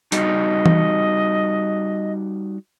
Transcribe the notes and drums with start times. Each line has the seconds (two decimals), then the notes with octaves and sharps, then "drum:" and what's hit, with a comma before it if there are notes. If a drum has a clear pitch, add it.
0.12 G3 D#4 F#4 D#5, drum: hi-hat
0.66 drum: tom E3